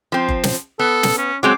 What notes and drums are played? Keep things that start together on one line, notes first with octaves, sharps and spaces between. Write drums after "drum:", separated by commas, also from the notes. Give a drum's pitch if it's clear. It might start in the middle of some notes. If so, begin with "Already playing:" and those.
F3 C4
drum: kick F#1
drum: snare
B3 A4
drum: snare
C#4
F#3 G#3 C4 D6